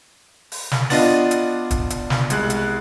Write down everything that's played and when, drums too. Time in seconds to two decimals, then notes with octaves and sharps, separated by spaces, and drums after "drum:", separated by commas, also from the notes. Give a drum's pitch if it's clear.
0.52 drum: open hi-hat
0.71 drum: snare
0.90 B3 D4 F4 D#5 A6, drum: open hi-hat
1.31 drum: hi-hat
1.71 drum: kick, hi-hat
1.90 drum: hi-hat
2.10 drum: snare
2.30 C2 G#3 F#6, drum: hi-hat
2.50 drum: hi-hat